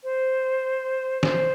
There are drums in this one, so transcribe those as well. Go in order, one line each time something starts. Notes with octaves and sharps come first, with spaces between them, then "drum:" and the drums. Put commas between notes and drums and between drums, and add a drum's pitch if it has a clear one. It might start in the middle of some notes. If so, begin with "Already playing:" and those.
C5
C5, drum: snare